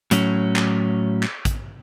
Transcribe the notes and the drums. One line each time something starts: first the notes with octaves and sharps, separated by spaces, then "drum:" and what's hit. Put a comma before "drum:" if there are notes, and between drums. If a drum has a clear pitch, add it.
A2 F#3 C#4, drum: hi-hat
drum: clap
drum: clap
drum: kick, hi-hat